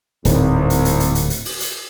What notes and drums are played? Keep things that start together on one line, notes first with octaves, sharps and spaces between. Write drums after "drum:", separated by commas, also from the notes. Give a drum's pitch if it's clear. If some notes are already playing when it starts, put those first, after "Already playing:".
D1 C2 G#2, drum: hi-hat
drum: hi-hat
drum: hi-hat
drum: hi-hat
drum: hi-hat
drum: hi-hat
drum: open hi-hat
drum: hi-hat